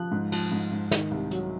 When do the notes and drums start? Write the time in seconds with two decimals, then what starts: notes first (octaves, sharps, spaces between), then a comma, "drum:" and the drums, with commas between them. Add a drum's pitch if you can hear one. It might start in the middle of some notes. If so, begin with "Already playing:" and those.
Already playing: F3 F#6
0.12 G#2
0.32 F3, drum: cymbal
0.52 G#2
0.72 G#2
0.92 D#3, drum: snare
1.11 C2
1.31 F#3, drum: hi-hat